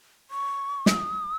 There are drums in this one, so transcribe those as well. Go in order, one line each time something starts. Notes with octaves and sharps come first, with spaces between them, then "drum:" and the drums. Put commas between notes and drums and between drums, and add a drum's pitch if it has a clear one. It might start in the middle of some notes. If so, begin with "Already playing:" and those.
C#6
D#6, drum: snare